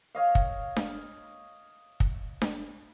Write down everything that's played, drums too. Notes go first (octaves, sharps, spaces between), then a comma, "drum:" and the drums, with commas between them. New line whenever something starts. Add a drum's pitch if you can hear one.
C#5 D#5 F5
drum: kick
drum: snare D4
drum: kick
drum: snare D4